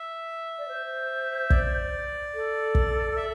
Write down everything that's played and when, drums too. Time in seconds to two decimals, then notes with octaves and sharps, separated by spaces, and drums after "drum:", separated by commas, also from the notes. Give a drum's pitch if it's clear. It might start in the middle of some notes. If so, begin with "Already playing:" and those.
Already playing: E5
0.58 D5
0.68 C5
1.50 D5, drum: kick
2.34 A4
2.75 drum: kick
3.17 E5